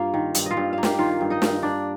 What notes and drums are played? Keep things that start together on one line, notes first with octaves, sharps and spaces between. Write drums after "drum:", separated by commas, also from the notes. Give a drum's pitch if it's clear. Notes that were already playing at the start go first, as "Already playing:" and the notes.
Already playing: G2 A#3 F4 F5
D#3
G2, drum: hi-hat
F4 D#5 F5
G2
A#3 F5
G4 G5, drum: snare
D#3 F4 F5
G2
D#4 D#5
G2, drum: snare
A#3 D4 D5